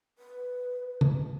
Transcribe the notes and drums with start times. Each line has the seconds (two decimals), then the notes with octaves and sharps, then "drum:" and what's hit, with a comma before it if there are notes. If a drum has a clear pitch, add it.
0.19 B4
1.01 drum: tom